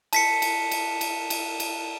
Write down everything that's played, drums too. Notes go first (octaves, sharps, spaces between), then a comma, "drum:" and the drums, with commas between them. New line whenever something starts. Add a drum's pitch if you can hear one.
A5 B6 C#7, drum: cymbal
drum: cymbal
drum: cymbal
drum: cymbal
drum: cymbal
drum: cymbal